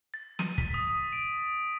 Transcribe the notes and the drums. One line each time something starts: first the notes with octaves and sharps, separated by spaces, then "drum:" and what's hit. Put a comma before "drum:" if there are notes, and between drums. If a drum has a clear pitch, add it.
A6
D#7, drum: snare
B6, drum: kick
D#6
D7